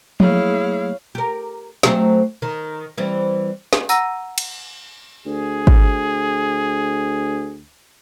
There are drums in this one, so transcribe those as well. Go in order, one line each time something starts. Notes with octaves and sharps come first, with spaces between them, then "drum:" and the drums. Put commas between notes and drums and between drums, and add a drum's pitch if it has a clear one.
F#3 A3 A#3 E4 G#4 C#5 F5, drum: tom
G4 A#4
F#3 A3 C4, drum: snare
D#3
E3 G3 C4
drum: snare
F#5 A#5 E6 A#6 D#7, drum: tambourine
drum: cymbal
D2 G#4
drum: kick